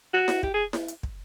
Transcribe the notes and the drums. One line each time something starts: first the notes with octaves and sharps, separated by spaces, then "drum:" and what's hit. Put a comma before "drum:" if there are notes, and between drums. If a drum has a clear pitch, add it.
F#4
drum: snare E4
G4, drum: kick
G#4
drum: snare E4
drum: hi-hat
drum: kick